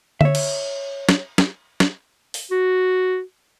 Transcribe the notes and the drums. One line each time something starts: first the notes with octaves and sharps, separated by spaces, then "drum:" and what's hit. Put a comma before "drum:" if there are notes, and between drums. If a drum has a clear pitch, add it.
C#5 E5, drum: tom D3
drum: cymbal
drum: snare
drum: snare
drum: snare
drum: open hi-hat
F#4